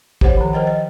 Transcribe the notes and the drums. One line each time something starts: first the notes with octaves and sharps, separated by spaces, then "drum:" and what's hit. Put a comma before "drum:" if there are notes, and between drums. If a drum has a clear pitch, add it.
G4 C5 C#5 F#5, drum: kick
D#3 F3
A#4 C5 D#5 G5
D#5